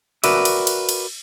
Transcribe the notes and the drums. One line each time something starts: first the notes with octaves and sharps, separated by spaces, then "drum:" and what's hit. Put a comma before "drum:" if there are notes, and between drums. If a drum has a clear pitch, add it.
F#4 A#4 B4 D5 E5, drum: cymbal
drum: cymbal
drum: cymbal
drum: cymbal